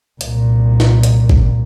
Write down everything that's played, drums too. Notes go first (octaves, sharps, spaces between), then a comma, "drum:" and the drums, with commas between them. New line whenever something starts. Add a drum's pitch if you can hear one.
C2 A#2, drum: hi-hat
drum: snare
drum: hi-hat
drum: kick